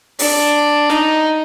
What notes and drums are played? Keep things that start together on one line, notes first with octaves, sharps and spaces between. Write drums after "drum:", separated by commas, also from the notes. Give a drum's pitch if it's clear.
D4, drum: open hi-hat
D#4, drum: snare